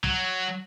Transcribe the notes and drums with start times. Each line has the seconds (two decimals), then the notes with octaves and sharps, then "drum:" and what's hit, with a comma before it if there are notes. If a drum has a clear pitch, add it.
0.04 F#3, drum: kick